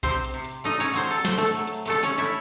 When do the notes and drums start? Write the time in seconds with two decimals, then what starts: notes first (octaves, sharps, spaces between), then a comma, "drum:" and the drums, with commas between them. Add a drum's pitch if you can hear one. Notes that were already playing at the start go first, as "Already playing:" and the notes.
0.03 C3 C4 C5, drum: kick B1, hi-hat
0.24 drum: hi-hat
0.34 C3
0.44 drum: hi-hat
0.64 A3 D#4 D#5
0.80 C#4 C#5
0.94 F#3 C4 C5
1.11 A4
1.25 A3 C5, drum: snare
1.38 A3 A4
1.47 drum: hi-hat
1.57 F#3
1.67 drum: hi-hat
1.85 C3 A3 A4, drum: open hi-hat
2.03 C#4 C#5
2.18 A3 E4 E5